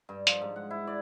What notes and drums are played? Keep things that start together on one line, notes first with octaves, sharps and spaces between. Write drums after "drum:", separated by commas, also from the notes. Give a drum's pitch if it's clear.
G2
F3, drum: hi-hat
G#2
F#5
E4
D5